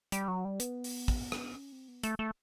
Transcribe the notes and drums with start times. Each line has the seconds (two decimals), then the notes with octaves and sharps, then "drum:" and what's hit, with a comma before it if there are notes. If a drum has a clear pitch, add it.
0.12 G3, drum: hi-hat
0.28 F#3
0.45 G3
0.60 B3, drum: hi-hat
0.84 drum: open hi-hat
1.08 drum: kick
1.32 drum: rim click
1.55 C#4
1.72 C4
1.88 B3
2.03 A3, drum: hi-hat
2.19 A3